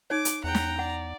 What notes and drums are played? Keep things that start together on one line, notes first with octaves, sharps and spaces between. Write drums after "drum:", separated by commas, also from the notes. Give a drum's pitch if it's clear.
D#4 C#5 D6
drum: hi-hat
E2 F#5 G5 A#5
drum: snare
D5 F#5